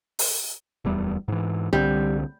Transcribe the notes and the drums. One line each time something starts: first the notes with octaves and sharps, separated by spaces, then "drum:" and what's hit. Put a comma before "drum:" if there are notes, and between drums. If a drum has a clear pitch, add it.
drum: open hi-hat
D1 E2 G3
G#2 E3
C2 D3 G3 C4